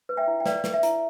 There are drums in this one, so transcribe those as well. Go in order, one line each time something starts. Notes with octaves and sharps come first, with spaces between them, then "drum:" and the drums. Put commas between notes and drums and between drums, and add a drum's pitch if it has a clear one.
B4
E5 G5
E4
G5
B4 D5 F5, drum: snare
B4, drum: snare
E5
E4, drum: hi-hat